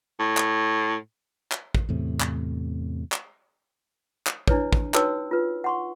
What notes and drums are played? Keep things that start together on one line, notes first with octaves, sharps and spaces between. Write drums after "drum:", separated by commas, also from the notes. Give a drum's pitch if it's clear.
A2
drum: clap
drum: clap
drum: kick
E2 A2 C3
drum: clap
drum: clap
drum: clap
D4 E4 B4 C#5, drum: kick
drum: kick
D#4 F#4 B4 C#5 G5 E6, drum: clap
F4 B4
F#5 C6 C#6